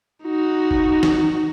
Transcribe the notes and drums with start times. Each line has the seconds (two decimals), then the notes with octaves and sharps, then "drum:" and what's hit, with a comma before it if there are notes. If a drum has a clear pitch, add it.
0.23 D#4 F#4
0.71 drum: kick
1.03 drum: snare